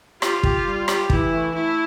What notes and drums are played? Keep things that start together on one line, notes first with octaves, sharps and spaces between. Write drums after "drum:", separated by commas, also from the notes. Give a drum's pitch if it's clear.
F4 G4, drum: rim click
G4, drum: kick
G3
G4, drum: rim click
E3 E4, drum: kick
A3
A3 E4